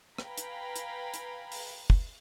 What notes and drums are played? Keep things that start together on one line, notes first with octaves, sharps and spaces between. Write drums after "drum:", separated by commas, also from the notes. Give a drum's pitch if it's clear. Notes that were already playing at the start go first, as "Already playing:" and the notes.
B4 F5 G5 G#5 A#5 B5, drum: rim click
drum: hi-hat
drum: hi-hat
drum: hi-hat
drum: open hi-hat
drum: kick